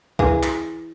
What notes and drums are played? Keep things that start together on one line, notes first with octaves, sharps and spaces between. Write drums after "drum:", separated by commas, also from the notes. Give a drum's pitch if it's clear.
E3 G#4, drum: kick
drum: clap